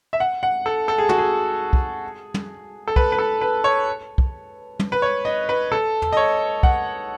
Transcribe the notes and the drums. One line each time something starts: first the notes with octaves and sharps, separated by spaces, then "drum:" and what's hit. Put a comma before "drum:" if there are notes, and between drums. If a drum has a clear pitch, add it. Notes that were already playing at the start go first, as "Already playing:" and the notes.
E5
F#5
F#5
A4
A4
G#4
F#4, drum: tom
G#4
drum: kick
drum: tom
A4
B4, drum: kick
B4
A4
B4
C#5
drum: kick
drum: tom
B4
C#5
D#5
B4
A4
drum: tom
D#5
C#5
F#5, drum: kick